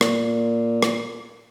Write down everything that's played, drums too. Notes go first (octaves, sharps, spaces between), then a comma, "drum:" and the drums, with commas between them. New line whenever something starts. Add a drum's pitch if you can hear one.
A#2, drum: rim click
drum: rim click